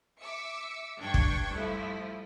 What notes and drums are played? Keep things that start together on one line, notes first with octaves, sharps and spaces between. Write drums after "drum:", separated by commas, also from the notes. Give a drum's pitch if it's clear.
E5 D6 E6 C#7
G2 D4 G5 C#6 G#6
drum: kick
F3 G3 A3 E4